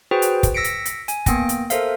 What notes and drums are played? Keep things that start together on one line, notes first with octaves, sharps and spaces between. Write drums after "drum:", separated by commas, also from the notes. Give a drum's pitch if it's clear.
F#4 G#4 B4 C5 G5
drum: hi-hat
drum: kick, hi-hat
E6 A#6 B6 C#7 D7
drum: hi-hat
drum: hi-hat
G#5, drum: hi-hat
A#3 B3 G5 A#6, drum: kick, hi-hat
drum: hi-hat
A4 A#4 C5 E5 F5, drum: hi-hat